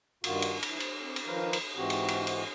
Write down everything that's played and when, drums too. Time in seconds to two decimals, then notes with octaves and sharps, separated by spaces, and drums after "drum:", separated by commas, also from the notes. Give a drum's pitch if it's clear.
0.24 G2 D#3 F4 F#4, drum: cymbal
0.42 drum: cymbal
0.63 E3, drum: cymbal
0.80 C5, drum: cymbal
1.01 C4
1.16 drum: cymbal
1.26 D#3 F3 B4 C5 F5 A#5
1.53 drum: cymbal
1.76 G#2 E3 C4 F#4 G4
1.90 drum: cymbal
2.08 drum: cymbal
2.27 drum: cymbal